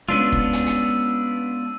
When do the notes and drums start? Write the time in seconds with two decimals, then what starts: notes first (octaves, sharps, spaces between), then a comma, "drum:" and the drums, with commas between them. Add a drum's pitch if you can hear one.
0.08 G#3 A#3 B3 C#4 D4 F4 E6 D#7
0.32 drum: kick F1
0.53 drum: hi-hat
0.66 drum: hi-hat